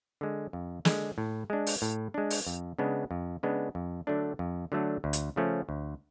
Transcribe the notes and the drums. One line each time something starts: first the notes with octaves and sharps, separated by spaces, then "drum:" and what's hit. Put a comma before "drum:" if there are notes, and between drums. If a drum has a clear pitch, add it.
D3 G#3
F2
D3 G#3, drum: snare
A2
G#3 D4
drum: open hi-hat
A2
G#3 D4
drum: open hi-hat
F2
C#3 G#3 B3 D4
F2
C#3 G#3 B3 D4
F2
D3 F#3 A3 D4
F2
D3 F#3 A3 D4
D2
drum: hi-hat
C#3 F3 A3 C#4
D2